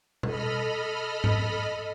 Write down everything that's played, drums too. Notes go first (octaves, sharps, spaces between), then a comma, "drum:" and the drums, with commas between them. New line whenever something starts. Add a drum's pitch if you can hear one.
A4 D#5 B5 F6, drum: tom B2
drum: tom G#2